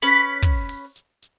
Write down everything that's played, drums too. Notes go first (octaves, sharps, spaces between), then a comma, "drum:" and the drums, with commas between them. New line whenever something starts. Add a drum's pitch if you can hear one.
C#4 B4
drum: hi-hat
drum: kick, hi-hat
drum: open hi-hat
drum: hi-hat
drum: hi-hat